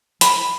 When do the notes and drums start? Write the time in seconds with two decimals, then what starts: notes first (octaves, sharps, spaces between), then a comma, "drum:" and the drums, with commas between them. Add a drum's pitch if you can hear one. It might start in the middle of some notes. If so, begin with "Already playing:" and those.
0.21 B5, drum: hi-hat